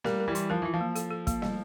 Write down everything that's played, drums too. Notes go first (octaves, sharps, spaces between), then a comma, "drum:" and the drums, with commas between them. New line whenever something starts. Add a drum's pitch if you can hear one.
G3 A#3 A#4, drum: snare
A#4
E3 G3
E4, drum: hi-hat
F3 A#4
E3 F4
F3
A#3
A4, drum: hi-hat
A4
A#3, drum: kick, hi-hat
G3, drum: snare